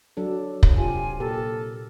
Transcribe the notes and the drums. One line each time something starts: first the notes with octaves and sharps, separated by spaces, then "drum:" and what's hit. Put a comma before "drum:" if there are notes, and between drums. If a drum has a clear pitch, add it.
F#3 D4 A4
drum: kick
C3 F4 G4 G#5
A#2 G4 A4 A#4